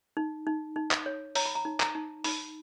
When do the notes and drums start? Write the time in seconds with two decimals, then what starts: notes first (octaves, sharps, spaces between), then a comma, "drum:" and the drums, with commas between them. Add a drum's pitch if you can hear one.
0.17 D#4
0.47 D#4
0.76 D#4
0.91 drum: clap
1.06 C#5
1.35 C#5 A#5, drum: open hi-hat
1.46 B5
1.55 A#5
1.65 D#4
1.80 A#5, drum: clap
1.95 D#4
2.24 D#4 B5, drum: open hi-hat